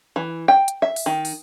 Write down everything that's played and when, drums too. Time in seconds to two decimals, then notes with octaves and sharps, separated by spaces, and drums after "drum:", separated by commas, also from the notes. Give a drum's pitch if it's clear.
0.16 E3
0.48 G5
0.68 drum: hi-hat
0.82 E5
0.96 drum: open hi-hat
1.06 D#3
1.25 drum: open hi-hat